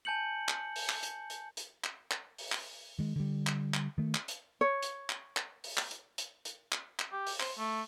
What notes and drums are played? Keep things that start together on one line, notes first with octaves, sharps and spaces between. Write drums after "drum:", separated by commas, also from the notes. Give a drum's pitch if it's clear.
G#5 A5 G6 C#7 F#7
drum: clap
drum: open hi-hat
drum: clap
drum: hi-hat
drum: hi-hat
drum: hi-hat
drum: clap
drum: clap
drum: open hi-hat
drum: clap
D#3 G#3
D3 G3
drum: clap
drum: clap
D#3 A3
drum: clap
drum: hi-hat
C#5
drum: hi-hat
drum: clap
drum: clap
drum: open hi-hat
drum: clap
drum: hi-hat
drum: hi-hat
drum: hi-hat
drum: clap
drum: clap
G4
drum: open hi-hat
C5, drum: clap
A3